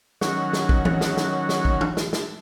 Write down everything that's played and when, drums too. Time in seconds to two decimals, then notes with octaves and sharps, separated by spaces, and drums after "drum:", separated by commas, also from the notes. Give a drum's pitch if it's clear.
0.21 D#3 F#3 C#4 F#4, drum: snare
0.53 drum: snare
0.69 drum: kick
0.85 drum: tom
1.01 drum: snare
1.17 drum: snare
1.49 drum: snare
1.65 drum: kick
1.81 drum: tom
1.97 drum: snare
2.13 drum: snare